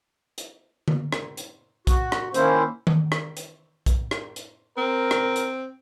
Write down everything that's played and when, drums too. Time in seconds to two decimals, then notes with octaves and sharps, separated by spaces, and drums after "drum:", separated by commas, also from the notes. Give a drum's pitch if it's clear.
0.38 drum: hi-hat
0.88 drum: tom D3
1.12 drum: rim click
1.37 drum: hi-hat
1.87 F#4, drum: kick B1, hi-hat
2.12 drum: rim click
2.34 D#3 A#3 C#4 E4 C5, drum: hi-hat
2.87 drum: tom D#3
3.12 drum: rim click
3.37 drum: hi-hat
3.86 drum: kick B1, hi-hat
4.11 drum: rim click
4.36 drum: hi-hat
4.77 C4 A#4
5.11 drum: rim click
5.36 drum: hi-hat